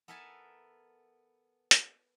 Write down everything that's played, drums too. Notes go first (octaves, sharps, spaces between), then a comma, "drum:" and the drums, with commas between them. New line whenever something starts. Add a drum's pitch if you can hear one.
B3 A4 A#4 E5 G#5 A5
drum: hi-hat